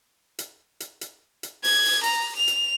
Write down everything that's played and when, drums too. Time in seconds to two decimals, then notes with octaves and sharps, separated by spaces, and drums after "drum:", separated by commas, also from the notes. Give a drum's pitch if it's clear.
0.39 drum: hi-hat
0.80 drum: hi-hat
1.01 drum: hi-hat
1.43 drum: hi-hat
1.64 G#6, drum: open hi-hat
1.85 drum: open hi-hat
2.04 A#5, drum: hi-hat
2.36 F7
2.48 drum: hi-hat